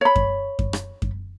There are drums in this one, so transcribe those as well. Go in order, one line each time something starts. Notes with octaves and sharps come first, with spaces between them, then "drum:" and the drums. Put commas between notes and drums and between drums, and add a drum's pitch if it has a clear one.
C#5 B5
drum: kick F#2
drum: kick F#2
drum: rim click
drum: kick F#2